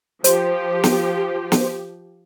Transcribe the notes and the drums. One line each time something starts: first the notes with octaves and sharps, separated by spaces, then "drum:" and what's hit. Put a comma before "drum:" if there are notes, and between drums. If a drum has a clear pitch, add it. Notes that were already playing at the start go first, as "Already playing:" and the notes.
F3 G4 C5, drum: hi-hat
drum: snare
drum: snare